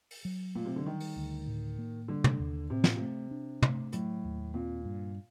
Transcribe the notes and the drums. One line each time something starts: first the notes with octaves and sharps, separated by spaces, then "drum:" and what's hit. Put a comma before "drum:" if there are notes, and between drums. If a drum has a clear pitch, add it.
drum: open hi-hat
F#3
A#2 A3
C3
D3
D#3 G3
drum: open hi-hat
D2
A2
A#3
D3 G3
drum: tom
D#2
A2 C3
A#2, drum: snare
C3
A3
D4
A3, drum: tom
A2 F#3, drum: hi-hat
D#2
A#2 C4
G2